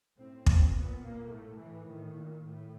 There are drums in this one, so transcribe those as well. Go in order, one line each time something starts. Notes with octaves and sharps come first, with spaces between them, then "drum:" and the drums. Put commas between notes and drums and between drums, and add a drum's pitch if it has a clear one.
A2 C4
A#2 C4, drum: kick
A#2 B3
A#2 A#3
A2 A3
A2 E3
A2 D#3
A#2
A2